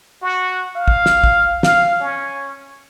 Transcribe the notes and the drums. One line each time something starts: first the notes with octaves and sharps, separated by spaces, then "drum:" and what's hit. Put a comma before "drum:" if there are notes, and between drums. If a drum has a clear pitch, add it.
F#4
F5
drum: kick
drum: snare
drum: kick
F5, drum: snare
C#4